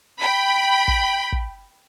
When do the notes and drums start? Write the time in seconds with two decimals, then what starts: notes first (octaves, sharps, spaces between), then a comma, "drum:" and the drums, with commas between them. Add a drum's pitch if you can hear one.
0.21 G5 B5
0.88 drum: kick
1.32 drum: kick